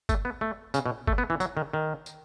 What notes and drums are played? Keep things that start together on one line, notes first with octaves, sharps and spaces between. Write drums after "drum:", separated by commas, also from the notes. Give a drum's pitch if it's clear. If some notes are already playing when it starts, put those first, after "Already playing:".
A3, drum: kick G1, tambourine
B3
A3
C#3, drum: tambourine
B2
A3, drum: kick G1
B3
E3
F#3, drum: tambourine
D#3
D#3
drum: tambourine